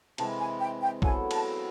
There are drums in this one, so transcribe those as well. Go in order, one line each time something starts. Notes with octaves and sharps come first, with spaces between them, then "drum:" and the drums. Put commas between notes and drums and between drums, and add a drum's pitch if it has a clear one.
C3 E3 G#3 A5, drum: cymbal
G#5
G5
G5
F#3 B3 E4 A4 G#5, drum: kick
A5, drum: cymbal